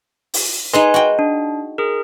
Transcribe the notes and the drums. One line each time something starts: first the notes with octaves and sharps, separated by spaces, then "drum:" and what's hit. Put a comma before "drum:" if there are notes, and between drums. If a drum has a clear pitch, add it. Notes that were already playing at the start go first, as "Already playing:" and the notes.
drum: open hi-hat
D#4 G#4 B4 D#5 G#5 C6
F#4 G5
D4
G#4 A#4